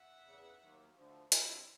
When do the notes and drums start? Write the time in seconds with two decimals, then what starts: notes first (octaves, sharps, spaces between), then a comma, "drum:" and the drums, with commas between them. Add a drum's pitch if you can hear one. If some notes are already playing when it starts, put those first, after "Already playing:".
Already playing: E5 F#5
0.24 E2 C#3 E3
0.61 D#2 D#3 F#3 A#3
0.96 D2 D3 F3
1.32 D3 G3 C4 E4, drum: hi-hat